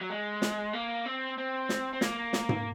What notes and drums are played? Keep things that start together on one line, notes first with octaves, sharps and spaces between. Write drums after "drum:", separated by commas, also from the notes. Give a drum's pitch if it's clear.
F#3
G#3
drum: snare
A#3
C4
C4
drum: snare
C4
A#3, drum: snare
drum: snare
drum: tom G#2